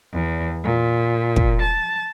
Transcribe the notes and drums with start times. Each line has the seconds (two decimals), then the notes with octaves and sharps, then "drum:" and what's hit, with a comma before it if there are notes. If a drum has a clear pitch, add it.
0.13 E2
0.64 A#2
1.36 drum: kick
1.61 A5